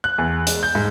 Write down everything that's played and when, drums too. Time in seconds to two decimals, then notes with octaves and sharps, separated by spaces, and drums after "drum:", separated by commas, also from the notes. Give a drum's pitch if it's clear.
0.04 F#6
0.18 E2
0.47 G#3, drum: hi-hat
0.63 G6
0.75 G#2